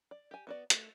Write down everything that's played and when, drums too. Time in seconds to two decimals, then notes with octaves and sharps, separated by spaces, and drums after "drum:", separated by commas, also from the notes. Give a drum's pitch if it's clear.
0.11 D5
0.31 G4 G#5
0.47 B3 F#4 D5
0.70 A3, drum: hi-hat